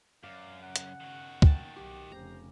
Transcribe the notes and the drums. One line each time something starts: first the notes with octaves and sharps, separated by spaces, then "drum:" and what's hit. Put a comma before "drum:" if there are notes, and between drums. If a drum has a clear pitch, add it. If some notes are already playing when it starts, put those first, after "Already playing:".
F#2 D5 F5
C#3 F#5
drum: hi-hat
D#3 F#4
G5 A5, drum: kick
B1 G4
F1 C#3 C5 A#5